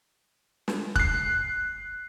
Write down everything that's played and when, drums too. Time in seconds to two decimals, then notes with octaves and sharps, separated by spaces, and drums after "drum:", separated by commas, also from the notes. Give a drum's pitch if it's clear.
0.68 drum: snare
0.96 F#6 C7, drum: kick